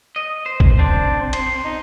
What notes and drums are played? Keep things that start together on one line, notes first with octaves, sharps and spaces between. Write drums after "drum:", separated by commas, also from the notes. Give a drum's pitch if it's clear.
D#5
C5
drum: kick A1
C4 D4
C6, drum: cymbal
D#4